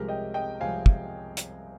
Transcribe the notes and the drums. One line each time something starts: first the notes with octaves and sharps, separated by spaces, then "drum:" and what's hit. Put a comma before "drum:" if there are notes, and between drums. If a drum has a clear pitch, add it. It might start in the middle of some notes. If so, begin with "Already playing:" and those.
Already playing: C2 C3 F3 G#3 G4 A#4
D#5 G5
D#5 G5
C2 C3 F3 G#3 F5 G#5
drum: kick
drum: hi-hat